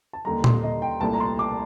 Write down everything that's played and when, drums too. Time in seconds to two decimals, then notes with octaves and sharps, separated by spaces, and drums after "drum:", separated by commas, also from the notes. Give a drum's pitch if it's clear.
0.13 A5
0.25 D#2 D3 G3 A#5
0.44 C6, drum: tom A#2
0.63 D#5
0.82 G5
1.01 C2 A#2 A3 A5
1.13 A#5
1.20 C6
1.39 D6